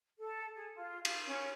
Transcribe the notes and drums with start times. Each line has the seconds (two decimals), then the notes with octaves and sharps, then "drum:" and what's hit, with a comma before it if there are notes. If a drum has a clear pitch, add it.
0.19 A4
0.56 G#4
0.76 F4
1.05 F5, drum: cymbal
1.27 C#4